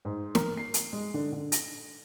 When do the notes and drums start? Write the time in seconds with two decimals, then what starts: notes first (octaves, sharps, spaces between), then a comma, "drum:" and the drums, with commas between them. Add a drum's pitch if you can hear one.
0.05 G#2
0.35 A#4, drum: snare
0.57 C7
0.74 drum: hi-hat
0.93 G#3
1.14 D3
1.32 D3
1.52 A#6, drum: hi-hat